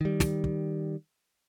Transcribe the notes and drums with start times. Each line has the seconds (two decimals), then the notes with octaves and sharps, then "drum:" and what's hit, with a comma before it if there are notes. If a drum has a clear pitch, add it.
0.01 D#3 G3
0.20 drum: snare
0.44 drum: kick